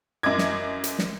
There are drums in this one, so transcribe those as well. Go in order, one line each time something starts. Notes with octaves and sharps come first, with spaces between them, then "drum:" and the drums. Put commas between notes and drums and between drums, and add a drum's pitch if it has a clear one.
F#2 E4 D#5 D6 G#6
drum: snare
drum: hi-hat
drum: snare